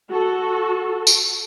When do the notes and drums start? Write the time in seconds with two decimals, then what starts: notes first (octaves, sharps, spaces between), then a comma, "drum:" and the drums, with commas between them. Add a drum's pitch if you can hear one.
0.10 F#4 A4
1.07 drum: tambourine